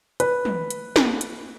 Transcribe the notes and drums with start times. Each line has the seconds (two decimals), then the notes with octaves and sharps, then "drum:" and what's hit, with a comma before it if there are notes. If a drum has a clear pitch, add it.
0.20 B4, drum: hi-hat
0.45 drum: tom
0.70 drum: hi-hat
0.96 drum: snare
1.21 drum: hi-hat